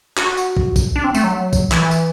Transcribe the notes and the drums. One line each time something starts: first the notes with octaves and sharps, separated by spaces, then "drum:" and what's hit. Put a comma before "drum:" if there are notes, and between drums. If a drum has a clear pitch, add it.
F#4, drum: clap
drum: tambourine
drum: kick
drum: kick, tambourine
D4
C4
A3, drum: tambourine
F#3
drum: kick, tambourine
E3, drum: clap
drum: tambourine